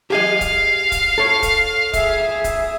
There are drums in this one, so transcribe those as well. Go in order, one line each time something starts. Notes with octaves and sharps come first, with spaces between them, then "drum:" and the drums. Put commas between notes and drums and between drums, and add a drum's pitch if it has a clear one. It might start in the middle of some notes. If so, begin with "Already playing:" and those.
G4 G#4 D#5 F5
drum: kick D#1, hi-hat
drum: kick D#1, hi-hat
A4 C#5
drum: kick D#1, hi-hat
G#4 E5, drum: kick D#1, hi-hat
drum: kick D#1, hi-hat